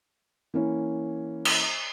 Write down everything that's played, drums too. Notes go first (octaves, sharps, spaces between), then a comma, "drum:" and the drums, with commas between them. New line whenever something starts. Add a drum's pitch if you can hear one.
E3 A#3 C#4
drum: cymbal